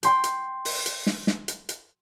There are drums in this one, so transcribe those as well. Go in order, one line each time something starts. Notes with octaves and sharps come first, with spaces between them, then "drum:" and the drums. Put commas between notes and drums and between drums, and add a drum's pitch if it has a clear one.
G5 C6 G6, drum: hi-hat
drum: hi-hat
drum: open hi-hat
drum: hi-hat
drum: snare
drum: snare
drum: hi-hat
drum: hi-hat